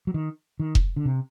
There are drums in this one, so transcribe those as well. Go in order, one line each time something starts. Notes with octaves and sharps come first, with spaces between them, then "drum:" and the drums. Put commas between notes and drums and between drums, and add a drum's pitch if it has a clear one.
F#3
D#3
D#3
drum: kick F1
D3
C3